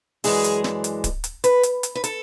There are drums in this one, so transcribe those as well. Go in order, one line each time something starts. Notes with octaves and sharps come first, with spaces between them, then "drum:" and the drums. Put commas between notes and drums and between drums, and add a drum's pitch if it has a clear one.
F#2 E3 G#3 D4 G#4, drum: open hi-hat
drum: hi-hat
drum: snare
drum: hi-hat
drum: kick D1, hi-hat
drum: hi-hat
B4, drum: hi-hat
drum: hi-hat
drum: hi-hat
B4
A4, drum: hi-hat